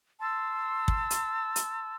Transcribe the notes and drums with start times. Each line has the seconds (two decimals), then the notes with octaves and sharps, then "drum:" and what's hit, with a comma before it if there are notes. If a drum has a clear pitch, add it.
0.20 A5 C6 E6
0.88 drum: kick
1.10 drum: hi-hat
1.56 drum: hi-hat